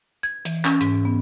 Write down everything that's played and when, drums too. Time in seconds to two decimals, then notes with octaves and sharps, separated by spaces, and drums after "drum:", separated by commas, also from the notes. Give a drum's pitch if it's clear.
0.23 G#6
0.45 E3, drum: hi-hat
0.65 C#4, drum: clap
0.81 G#2, drum: hi-hat
1.05 B3